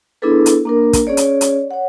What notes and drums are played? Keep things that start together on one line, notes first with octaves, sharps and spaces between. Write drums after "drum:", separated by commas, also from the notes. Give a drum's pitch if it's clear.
B3 D4 E4 G#4 A4 B4
drum: hi-hat
A#3 D4 A#4
drum: kick, hi-hat
C#4 G#4 C#5 D5
drum: hi-hat
drum: hi-hat
C#5 F#5